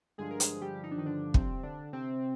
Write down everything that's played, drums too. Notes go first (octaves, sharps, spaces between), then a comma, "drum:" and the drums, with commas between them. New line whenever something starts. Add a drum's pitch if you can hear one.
G2 D3 F3 G#3 G#4
A#4
G#3 G#4, drum: hi-hat
G3 G4
D#4
D4
D#3 D#4
D3 D4
C3 C4, drum: kick
D3 D4
C3 C4